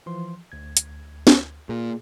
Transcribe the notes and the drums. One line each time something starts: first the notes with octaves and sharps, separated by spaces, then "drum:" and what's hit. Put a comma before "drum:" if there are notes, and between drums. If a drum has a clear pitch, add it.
E3 F3 C6
D2 G#6
drum: hi-hat
drum: snare
A#2 G#4